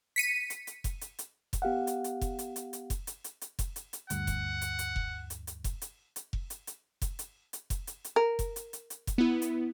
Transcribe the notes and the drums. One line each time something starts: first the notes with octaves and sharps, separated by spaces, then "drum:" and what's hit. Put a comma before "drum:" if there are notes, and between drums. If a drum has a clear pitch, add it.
B6 C#7 D#7
drum: hi-hat
drum: hi-hat
drum: kick F1, hi-hat
drum: hi-hat
drum: hi-hat
drum: kick F1, hi-hat
B3 G4 F5 F#5
drum: hi-hat
drum: hi-hat
drum: kick F1, hi-hat
drum: hi-hat
drum: hi-hat
drum: hi-hat
drum: kick F1, hi-hat
drum: hi-hat
drum: hi-hat
drum: hi-hat
drum: kick F1, hi-hat
drum: hi-hat
drum: hi-hat
D2 G2 F#5, drum: hi-hat
drum: kick F1, hi-hat
drum: hi-hat
drum: hi-hat
drum: kick F1
drum: hi-hat
drum: hi-hat
drum: kick F1, hi-hat
drum: hi-hat
drum: hi-hat
drum: kick F1
drum: hi-hat
drum: hi-hat
drum: kick F1, hi-hat
drum: hi-hat
drum: hi-hat
drum: kick F1, hi-hat
drum: hi-hat
drum: hi-hat
A#4
drum: kick F1, hi-hat
drum: hi-hat
drum: hi-hat
drum: hi-hat
drum: kick F1, hi-hat
B3 E4
drum: hi-hat